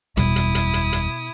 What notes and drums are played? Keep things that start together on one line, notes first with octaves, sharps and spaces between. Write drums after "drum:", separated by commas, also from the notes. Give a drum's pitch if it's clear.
F#1 E2 B2 G3 E4 D#6, drum: hi-hat
drum: hi-hat
drum: hi-hat
drum: hi-hat
drum: hi-hat